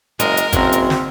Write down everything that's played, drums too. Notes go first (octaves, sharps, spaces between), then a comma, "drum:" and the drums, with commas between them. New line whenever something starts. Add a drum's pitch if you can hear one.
F#1 G#3 A#4, drum: hi-hat
drum: hi-hat
F#1 F#3 C4, drum: kick G#1, hi-hat
drum: hi-hat
drum: snare